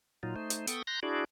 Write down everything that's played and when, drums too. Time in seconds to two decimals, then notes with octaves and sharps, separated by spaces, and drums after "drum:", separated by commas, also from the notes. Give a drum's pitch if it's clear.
0.23 A#2 F#3 D#4 F4
0.36 A3 D#4 C5
0.50 drum: hi-hat
0.67 B3 A4 G5 C#6 D#6, drum: hi-hat
0.87 A#5 C6 F#6 G6 A#6
1.03 D4 E4 F#4 G#4 D5